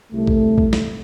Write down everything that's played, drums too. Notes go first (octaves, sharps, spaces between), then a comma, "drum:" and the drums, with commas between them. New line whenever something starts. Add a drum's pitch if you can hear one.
C2 A3
drum: kick A#1
drum: kick A#1
drum: snare